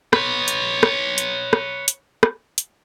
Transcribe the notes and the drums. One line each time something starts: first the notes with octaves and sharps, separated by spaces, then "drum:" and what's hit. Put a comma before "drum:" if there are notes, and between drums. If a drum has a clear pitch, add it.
B4 C#5, drum: rim click
drum: hi-hat
drum: rim click
drum: hi-hat
drum: rim click
drum: hi-hat
drum: rim click
drum: hi-hat